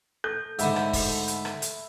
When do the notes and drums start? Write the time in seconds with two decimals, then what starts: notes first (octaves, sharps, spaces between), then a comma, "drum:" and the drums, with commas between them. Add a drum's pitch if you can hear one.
0.24 A4 G6
0.59 G#2 D3 A3 E5 B5, drum: hi-hat
0.76 drum: rim click
0.93 drum: kick, open hi-hat
1.28 drum: hi-hat
1.45 drum: rim click
1.62 drum: hi-hat